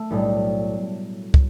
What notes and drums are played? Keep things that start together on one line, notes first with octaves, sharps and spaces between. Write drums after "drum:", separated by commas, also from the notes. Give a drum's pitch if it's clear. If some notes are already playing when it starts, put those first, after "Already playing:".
Already playing: A3
B1 A2 G3
drum: kick